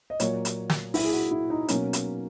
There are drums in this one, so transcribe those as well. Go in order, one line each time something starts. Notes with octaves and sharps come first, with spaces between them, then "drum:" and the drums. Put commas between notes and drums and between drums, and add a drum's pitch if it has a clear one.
D#5
A#2 F#3 A#3 C#5, drum: hi-hat
drum: hi-hat
drum: snare
E4, drum: open hi-hat
G#4
F#4
E4
D#4
B2 F#3 A#3 C#4, drum: hi-hat
drum: hi-hat